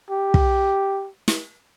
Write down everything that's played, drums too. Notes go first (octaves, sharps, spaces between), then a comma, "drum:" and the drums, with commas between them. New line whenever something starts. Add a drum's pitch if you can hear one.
G4
drum: kick
drum: snare